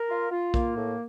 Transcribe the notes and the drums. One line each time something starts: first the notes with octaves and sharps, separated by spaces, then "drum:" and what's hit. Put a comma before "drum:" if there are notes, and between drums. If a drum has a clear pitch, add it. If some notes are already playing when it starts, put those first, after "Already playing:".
Already playing: A#4
F4
F4
A#3, drum: kick B1
A2